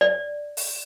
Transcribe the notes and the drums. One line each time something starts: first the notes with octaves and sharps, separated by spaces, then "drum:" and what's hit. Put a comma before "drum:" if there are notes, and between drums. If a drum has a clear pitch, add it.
D5
drum: open hi-hat